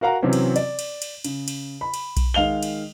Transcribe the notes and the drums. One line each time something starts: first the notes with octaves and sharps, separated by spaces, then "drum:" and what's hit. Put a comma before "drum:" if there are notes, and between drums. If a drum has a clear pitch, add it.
F#4 A#4 F5 F#5 A#5
C3 E3 F#3 C4 C#4
drum: cymbal
D5, drum: cymbal
drum: cymbal
drum: cymbal
C#3, drum: cymbal
drum: cymbal
B5
drum: cymbal
drum: kick B1, cymbal
D#3 G#3 F5 F7 G7
drum: cymbal